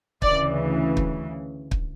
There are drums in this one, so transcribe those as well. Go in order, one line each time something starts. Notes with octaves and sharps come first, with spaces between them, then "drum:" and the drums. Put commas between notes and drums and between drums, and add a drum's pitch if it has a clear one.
D2 C#3 E3 D5, drum: kick
drum: kick
drum: kick